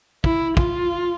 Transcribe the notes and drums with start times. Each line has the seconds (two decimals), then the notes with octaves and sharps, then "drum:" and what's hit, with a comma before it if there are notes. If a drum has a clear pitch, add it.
0.24 E4, drum: kick
0.57 F4, drum: kick